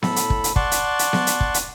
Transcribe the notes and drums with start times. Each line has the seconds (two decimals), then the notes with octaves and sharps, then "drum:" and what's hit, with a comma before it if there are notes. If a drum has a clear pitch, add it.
0.02 A2 A4 B5, drum: snare B3
0.16 drum: hi-hat
0.30 drum: kick
0.44 drum: hi-hat
0.56 D5 F#5 A5 C6 C#6, drum: kick
0.71 drum: hi-hat
0.99 drum: hi-hat
1.13 drum: snare B3
1.27 drum: hi-hat
1.40 drum: kick
1.54 drum: hi-hat